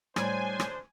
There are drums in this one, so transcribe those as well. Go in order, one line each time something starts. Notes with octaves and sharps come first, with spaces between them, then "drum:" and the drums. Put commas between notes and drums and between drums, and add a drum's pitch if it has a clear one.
A2 G3 G#3 D4 C5 D5 G5 G#5, drum: rim click
drum: rim click